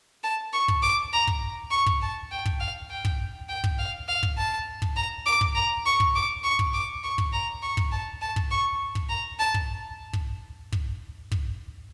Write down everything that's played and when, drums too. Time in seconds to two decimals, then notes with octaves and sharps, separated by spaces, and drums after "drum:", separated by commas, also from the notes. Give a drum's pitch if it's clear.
0.23 A5
0.53 C#6
0.68 drum: kick
0.83 D6
1.13 A#5
1.27 drum: kick
1.71 C#6
1.86 drum: kick
2.02 A5
2.31 G5
2.46 drum: kick
2.60 F5
2.90 G5
3.05 drum: kick
3.49 G5
3.64 drum: kick
3.79 F5
4.08 F5
4.23 drum: kick
4.37 A5
4.82 drum: kick
4.96 A#5
5.26 D6
5.41 drum: kick
5.55 A#5
5.86 C#6
6.00 drum: kick
6.15 D6
6.44 C#6
6.59 drum: kick
6.74 D6
7.03 C#6
7.18 drum: kick
7.33 A#5
7.62 C#6
7.77 drum: kick
7.92 A5
8.22 A5
8.36 drum: kick
8.51 C#6
8.95 drum: kick
9.10 A#5
9.39 A5
9.54 drum: kick
10.13 drum: kick
10.72 drum: kick
11.32 drum: kick